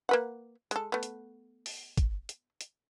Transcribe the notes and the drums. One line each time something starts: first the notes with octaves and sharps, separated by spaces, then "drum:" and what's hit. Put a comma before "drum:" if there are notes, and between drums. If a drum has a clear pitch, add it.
A#3 B4 F#5
G#3 A4, drum: hi-hat
A3 B3
drum: hi-hat
drum: open hi-hat
drum: kick, hi-hat
drum: hi-hat
drum: hi-hat